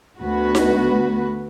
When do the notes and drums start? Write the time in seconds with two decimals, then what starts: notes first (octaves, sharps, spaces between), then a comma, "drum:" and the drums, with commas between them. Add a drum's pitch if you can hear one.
0.19 D2 B3 F#4 B4
0.55 drum: snare D#4